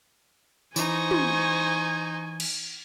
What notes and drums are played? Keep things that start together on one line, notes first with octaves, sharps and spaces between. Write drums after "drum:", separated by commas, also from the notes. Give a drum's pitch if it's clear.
E3 D#4 C5 G#5 C#6, drum: tambourine
drum: tom
drum: cymbal